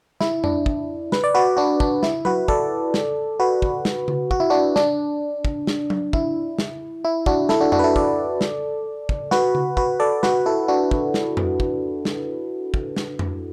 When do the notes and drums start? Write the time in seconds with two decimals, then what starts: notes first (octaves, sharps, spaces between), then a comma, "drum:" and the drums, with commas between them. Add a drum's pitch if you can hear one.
0.21 E4, drum: snare
0.44 D4, drum: tom F2
0.66 drum: kick
1.12 B4, drum: snare
1.24 D5
1.34 F#4 B4
1.57 D4 F#4
1.80 D4, drum: kick
2.03 E4, drum: snare
2.25 F#4 B4, drum: tom F#3
2.48 A4 D5, drum: kick
2.94 drum: snare
3.40 F#4 B4
3.62 drum: kick
3.85 drum: snare
4.08 drum: tom C#3
4.31 F#4, drum: kick
4.40 E4
4.50 D4 F#4
4.76 D4, drum: snare
5.45 drum: kick
5.67 drum: snare
5.90 drum: tom F#3
6.13 E4, drum: kick
6.59 drum: snare
7.04 E4
7.26 D4 F#4, drum: kick
7.49 E4 A4, drum: snare
7.61 D4 F#4
7.72 D4 F#4, drum: tom F2
7.79 B4
7.84 E4 A4
7.96 A4 D5, drum: kick
8.41 drum: snare
9.09 drum: kick
9.31 F#4 B4, drum: snare
9.55 drum: tom C#3
9.77 F#4 B4, drum: kick
10.00 A4 D5
10.23 F#4 B4, drum: snare
10.46 E4 A4
10.68 D4 F#4
10.91 drum: kick
11.14 drum: snare
11.37 drum: tom F2
11.60 drum: kick
12.05 drum: snare
12.74 drum: kick
12.96 drum: snare
13.19 drum: tom F2